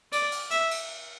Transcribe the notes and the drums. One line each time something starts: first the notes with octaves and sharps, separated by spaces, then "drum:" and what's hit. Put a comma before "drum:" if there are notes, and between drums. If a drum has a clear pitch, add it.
D5, drum: cymbal
drum: cymbal
E5, drum: cymbal
drum: cymbal